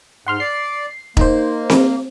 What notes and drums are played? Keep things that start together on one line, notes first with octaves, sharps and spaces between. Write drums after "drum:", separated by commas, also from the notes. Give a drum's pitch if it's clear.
G#2 F#5 C6 F6
D5 C7
A#3 D#4 C5, drum: kick E1
drum: snare C4